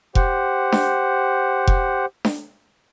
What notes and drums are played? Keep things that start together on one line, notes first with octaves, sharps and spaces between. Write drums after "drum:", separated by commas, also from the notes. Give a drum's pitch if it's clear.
G4 C5 F#5, drum: kick F1
drum: snare D4
drum: kick F1
drum: snare D4